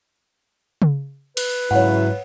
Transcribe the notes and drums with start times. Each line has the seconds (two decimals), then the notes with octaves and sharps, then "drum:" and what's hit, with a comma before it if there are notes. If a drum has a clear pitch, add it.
0.82 drum: tom C#3
1.37 B4, drum: cymbal
1.71 G#2 C#3 F#3 E4 C#5 F5 F#5